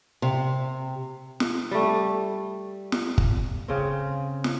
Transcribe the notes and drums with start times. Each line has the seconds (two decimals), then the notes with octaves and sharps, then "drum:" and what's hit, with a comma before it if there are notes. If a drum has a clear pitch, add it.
0.22 C3
1.40 drum: snare
1.71 G3 A3
2.92 drum: snare
3.18 drum: kick G1
3.68 C#3 C4
4.44 drum: snare